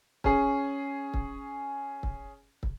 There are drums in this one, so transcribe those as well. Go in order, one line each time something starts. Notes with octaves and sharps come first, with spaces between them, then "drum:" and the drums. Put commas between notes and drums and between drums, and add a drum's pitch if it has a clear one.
C#4 G#4, drum: kick
drum: kick
drum: kick
drum: kick